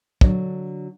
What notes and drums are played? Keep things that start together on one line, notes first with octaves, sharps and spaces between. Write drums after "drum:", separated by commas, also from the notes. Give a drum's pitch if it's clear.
D3 F#3 D4, drum: kick